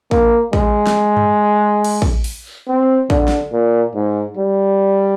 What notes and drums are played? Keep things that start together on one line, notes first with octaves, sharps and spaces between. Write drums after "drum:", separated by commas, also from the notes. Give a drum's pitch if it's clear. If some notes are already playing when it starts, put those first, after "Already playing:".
A#3, drum: kick
G#3, drum: kick
drum: snare
drum: tom G2
drum: cymbal
drum: kick
drum: open hi-hat
C4
D3, drum: kick
drum: snare
A#2
G#2
G3